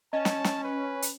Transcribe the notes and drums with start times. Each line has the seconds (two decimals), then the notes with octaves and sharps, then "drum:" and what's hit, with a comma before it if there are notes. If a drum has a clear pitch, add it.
0.13 C#4 D#5 A5
0.25 drum: snare
0.44 drum: snare
0.64 B4
1.02 drum: hi-hat